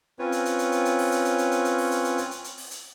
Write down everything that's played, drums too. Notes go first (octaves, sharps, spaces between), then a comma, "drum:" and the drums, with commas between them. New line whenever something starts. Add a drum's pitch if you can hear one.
C4 C#4 F4 B4 C#5
drum: hi-hat
drum: hi-hat
drum: hi-hat
drum: hi-hat
drum: hi-hat
drum: open hi-hat
drum: hi-hat
drum: hi-hat
drum: hi-hat
drum: hi-hat
drum: hi-hat
drum: open hi-hat
drum: hi-hat
drum: hi-hat
drum: hi-hat
drum: hi-hat
drum: hi-hat
drum: open hi-hat
drum: hi-hat